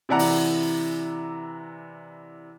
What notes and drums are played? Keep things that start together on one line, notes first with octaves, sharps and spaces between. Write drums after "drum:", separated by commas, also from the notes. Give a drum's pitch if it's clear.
C3 E3 E4 D5 F#5 A#5
drum: open hi-hat